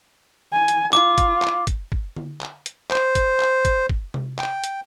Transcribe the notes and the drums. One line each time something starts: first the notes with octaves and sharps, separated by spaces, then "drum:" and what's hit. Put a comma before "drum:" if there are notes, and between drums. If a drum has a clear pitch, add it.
G#5
drum: hi-hat
F4 D6, drum: clap
drum: kick, hi-hat
drum: clap
drum: kick, hi-hat
drum: kick
drum: tom D3
drum: clap
drum: hi-hat
C5, drum: clap
drum: kick, hi-hat
drum: clap
drum: kick, hi-hat
drum: kick
drum: tom C3
G5, drum: clap
drum: hi-hat